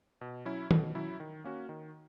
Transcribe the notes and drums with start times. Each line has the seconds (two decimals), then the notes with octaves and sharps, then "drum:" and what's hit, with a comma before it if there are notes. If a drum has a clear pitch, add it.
0.21 B2
0.45 F#3 C#4 E4
0.71 B2, drum: tom D#3
0.95 F#3 C#4 E4
1.20 D#3
1.44 A#3 C#4 F#4
1.69 D#3